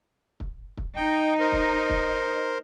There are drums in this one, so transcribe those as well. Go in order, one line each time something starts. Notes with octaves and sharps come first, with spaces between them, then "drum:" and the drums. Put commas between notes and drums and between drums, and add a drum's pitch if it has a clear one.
drum: kick
drum: kick
D#4 G5
A#4 C5
drum: kick
drum: kick